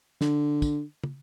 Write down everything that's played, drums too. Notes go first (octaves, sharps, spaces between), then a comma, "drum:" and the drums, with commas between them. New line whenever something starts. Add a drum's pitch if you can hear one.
D3, drum: snare
drum: kick, tambourine
drum: tom